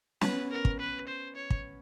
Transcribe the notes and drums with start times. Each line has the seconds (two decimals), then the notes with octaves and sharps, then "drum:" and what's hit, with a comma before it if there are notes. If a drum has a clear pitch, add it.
0.21 B3 C#4 B4, drum: snare
0.51 A#4
0.65 drum: kick
0.80 B4
1.08 C5
1.36 C#5
1.50 drum: kick